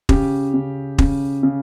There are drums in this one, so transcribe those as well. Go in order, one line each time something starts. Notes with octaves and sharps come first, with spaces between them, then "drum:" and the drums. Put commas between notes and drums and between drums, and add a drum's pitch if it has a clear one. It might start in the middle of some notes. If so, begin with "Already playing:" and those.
C#3 G4, drum: kick
C#3
C#3, drum: kick
C#3